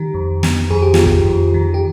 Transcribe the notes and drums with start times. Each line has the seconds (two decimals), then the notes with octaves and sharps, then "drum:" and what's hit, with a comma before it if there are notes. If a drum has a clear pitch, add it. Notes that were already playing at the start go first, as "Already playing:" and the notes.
Already playing: D#3 G4
0.14 F2
0.43 D#3, drum: snare
0.70 F2 G#4
0.82 G4
0.94 D#3 F4, drum: snare
1.06 G4, drum: kick
1.26 F2
1.54 D#3
1.74 G4